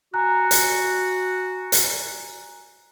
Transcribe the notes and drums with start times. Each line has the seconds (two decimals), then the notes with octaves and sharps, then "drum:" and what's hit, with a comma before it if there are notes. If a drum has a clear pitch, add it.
0.14 F#4 G#5 A#5 F#6
0.51 drum: hi-hat
1.72 drum: hi-hat